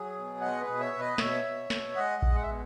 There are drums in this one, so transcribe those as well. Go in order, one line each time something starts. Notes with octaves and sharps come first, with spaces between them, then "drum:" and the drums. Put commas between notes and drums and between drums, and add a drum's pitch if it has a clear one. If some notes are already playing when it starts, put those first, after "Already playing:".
Already playing: F#3 G#4
B2
G#3 D#5 F#5
G#4 B4
B2
C#5 E5
B2
B4 D#5
B2 C#5 E5, drum: snare
B2
B2, drum: snare
G#3 D#5 F#5
G#3, drum: kick A#1
F#5
E5
B2